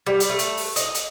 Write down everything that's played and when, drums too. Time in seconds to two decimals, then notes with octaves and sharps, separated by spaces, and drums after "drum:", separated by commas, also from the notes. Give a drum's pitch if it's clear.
0.07 G3
0.20 drum: hi-hat
0.29 A3
0.39 drum: hi-hat
0.57 drum: open hi-hat
0.76 D#5, drum: hi-hat
0.95 drum: hi-hat